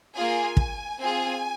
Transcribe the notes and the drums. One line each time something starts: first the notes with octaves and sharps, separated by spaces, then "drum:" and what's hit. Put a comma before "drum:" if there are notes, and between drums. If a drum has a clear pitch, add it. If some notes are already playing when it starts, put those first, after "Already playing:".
A#3 F4 G#4 G#5
drum: kick
C4 F4 G#4 G#5